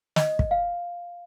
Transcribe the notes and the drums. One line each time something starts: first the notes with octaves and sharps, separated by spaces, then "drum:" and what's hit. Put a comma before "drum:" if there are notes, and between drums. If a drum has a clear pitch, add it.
D#5, drum: snare
drum: kick
F5